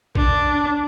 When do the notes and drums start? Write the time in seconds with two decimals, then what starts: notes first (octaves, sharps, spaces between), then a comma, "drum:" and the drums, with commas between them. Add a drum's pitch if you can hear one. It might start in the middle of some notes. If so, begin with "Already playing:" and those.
0.15 D4, drum: kick